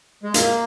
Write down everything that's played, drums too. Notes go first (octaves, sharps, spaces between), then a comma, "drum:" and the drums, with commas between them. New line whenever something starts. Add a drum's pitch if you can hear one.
G#3
A#3, drum: hi-hat